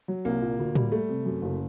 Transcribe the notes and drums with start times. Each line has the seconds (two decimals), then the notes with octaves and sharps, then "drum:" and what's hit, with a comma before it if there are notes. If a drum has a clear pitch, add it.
0.08 F#3
0.25 C2 A#3
0.42 A#2
0.59 D2
0.75 G3, drum: tom A2
0.92 G3 A3
1.09 C3
1.26 F#2
1.42 F#1